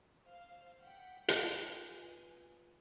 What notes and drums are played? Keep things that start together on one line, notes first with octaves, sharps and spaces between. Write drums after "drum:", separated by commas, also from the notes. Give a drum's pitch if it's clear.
C5 F5
F#5 G5 B6
drum: hi-hat
F4 B4 G#5